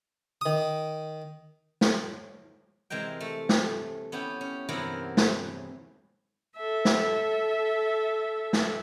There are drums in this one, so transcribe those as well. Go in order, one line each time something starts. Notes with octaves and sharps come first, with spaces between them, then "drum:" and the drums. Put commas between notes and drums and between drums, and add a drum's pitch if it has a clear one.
D#3 D#6
drum: snare
C3 E3 G#3 A#4 G5
A3
drum: snare
B3 C#4 E4 G4
C#4
E2 G2 C3 E4 A#4 F#5
drum: snare
A4 E5
drum: snare
drum: snare